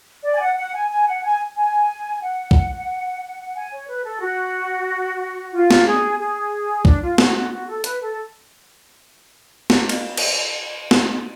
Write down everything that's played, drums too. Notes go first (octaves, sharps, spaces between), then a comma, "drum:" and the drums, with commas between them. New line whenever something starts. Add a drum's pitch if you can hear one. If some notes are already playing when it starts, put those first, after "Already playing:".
D5
G#5
F#5
F#5
G#5
G#5
F#5
G#5
G#5
F#5
drum: kick
G#5
C#5
B4
A4
F#4
F4
drum: snare
G#4
G#4
D4, drum: kick
F4
F#4, drum: snare
F#4
F#4
A4
B4, drum: hi-hat
A4
drum: snare
drum: cymbal
drum: cymbal
drum: snare